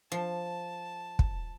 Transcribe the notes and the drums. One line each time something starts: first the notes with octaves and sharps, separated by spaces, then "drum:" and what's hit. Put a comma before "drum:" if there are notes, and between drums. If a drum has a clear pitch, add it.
F3 A5
drum: kick